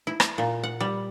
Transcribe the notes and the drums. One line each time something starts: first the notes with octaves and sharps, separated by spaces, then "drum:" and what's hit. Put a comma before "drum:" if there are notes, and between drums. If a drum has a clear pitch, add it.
E4
drum: rim click
A#2
F#5
G3